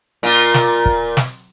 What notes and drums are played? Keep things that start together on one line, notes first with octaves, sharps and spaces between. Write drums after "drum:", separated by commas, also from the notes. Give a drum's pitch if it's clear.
A#2 F4
drum: snare
drum: kick
drum: snare